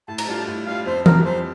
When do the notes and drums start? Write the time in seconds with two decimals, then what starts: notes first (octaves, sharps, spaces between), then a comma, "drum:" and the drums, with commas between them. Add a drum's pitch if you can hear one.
0.08 A2 A5
0.18 A#5, drum: cymbal
0.27 G3 D4 F4 A5
0.38 A5
0.48 A2
0.66 G3 D4 F4 F5
0.86 F2 C5
1.06 E3 G3 A#3 A#4, drum: tom E3
1.25 F2 C5